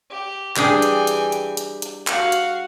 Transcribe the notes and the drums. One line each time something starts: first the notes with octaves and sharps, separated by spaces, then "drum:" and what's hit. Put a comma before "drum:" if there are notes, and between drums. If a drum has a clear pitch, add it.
G4
E3 G3 D4 G#4 G5 G#5, drum: clap
drum: hi-hat
drum: hi-hat
drum: hi-hat
drum: hi-hat
drum: hi-hat
F#4 F5 F#5, drum: clap
drum: hi-hat